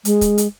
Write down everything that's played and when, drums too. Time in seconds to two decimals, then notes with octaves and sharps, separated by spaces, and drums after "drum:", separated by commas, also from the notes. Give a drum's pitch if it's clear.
0.05 G#3, drum: hi-hat
0.21 drum: kick, hi-hat
0.38 drum: hi-hat